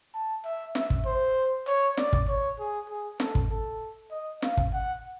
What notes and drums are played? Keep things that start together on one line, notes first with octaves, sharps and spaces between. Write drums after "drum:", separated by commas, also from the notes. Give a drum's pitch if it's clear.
A5
E5
E5, drum: snare
drum: kick
C5
C#5
D5, drum: snare
drum: kick
C#5
G#4
G#4
A4, drum: snare
drum: kick
A4
D#5
F5, drum: snare
drum: kick
F#5